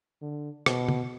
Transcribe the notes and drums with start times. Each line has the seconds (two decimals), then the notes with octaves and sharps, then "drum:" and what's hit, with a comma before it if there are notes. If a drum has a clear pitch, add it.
0.22 D3
0.66 B2, drum: rim click
0.88 drum: tom